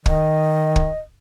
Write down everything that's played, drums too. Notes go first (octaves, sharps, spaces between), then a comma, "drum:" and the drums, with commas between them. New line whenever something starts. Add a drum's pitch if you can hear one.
D#3 D#5, drum: kick
drum: kick